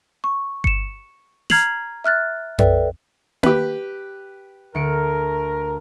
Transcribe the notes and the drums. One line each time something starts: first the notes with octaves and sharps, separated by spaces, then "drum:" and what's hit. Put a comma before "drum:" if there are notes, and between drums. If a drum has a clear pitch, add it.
C#6
C#7 E7, drum: kick G1
A#5 F6 G#6 C7 F7 F#7, drum: snare
E5 F6 F#6 A6
A4 B4 D5 E5 G5, drum: tom F2
G4 B4, drum: tom A#3
D2 A#4 C#7 D7